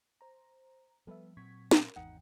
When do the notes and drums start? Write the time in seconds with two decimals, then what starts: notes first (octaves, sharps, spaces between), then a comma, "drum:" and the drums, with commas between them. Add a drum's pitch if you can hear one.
0.21 C5 A#5
1.07 F3 G3 B3 A4 B4 E5
1.37 A#2 F#3 C4 C#6 G#6 B6
1.71 drum: snare
1.84 A#4
1.96 G#1 E2 D#4 F#5 G5